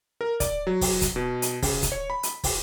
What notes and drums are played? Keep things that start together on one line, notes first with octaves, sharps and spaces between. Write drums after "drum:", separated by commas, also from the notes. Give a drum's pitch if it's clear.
A#4
D5, drum: kick, hi-hat
F#3
drum: kick, open hi-hat
drum: kick, hi-hat
B2
drum: hi-hat
C#3, drum: kick, open hi-hat
drum: kick, hi-hat
C#5
B5
drum: hi-hat
drum: kick, open hi-hat